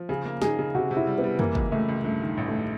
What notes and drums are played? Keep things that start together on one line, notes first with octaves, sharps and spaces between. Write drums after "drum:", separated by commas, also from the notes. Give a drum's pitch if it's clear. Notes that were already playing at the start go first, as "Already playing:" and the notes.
Already playing: F3
C#3 G#4
A#3
D#4 G#4, drum: snare
C#3
C3 F#4
C3
E4
G3
B3
G3
E3 A#3, drum: tom F2
C#2, drum: kick
C#2 A3
C#2
G2 A3
D#3
A1
A3